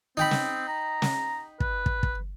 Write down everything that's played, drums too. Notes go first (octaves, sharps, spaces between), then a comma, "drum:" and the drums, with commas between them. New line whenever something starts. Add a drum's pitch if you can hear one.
C4 D#4 G5 B5
drum: snare
A#5
drum: snare
B4, drum: kick
drum: kick
drum: kick